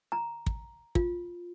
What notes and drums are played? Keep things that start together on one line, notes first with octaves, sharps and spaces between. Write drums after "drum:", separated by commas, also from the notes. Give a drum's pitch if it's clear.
A#5
drum: kick
F4, drum: kick